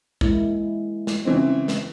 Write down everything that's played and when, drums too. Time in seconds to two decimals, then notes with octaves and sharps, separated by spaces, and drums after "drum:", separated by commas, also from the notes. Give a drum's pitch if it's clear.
0.21 G#3 A#3 E4, drum: kick
1.07 drum: snare
1.25 C#3 E3 C4
1.68 drum: snare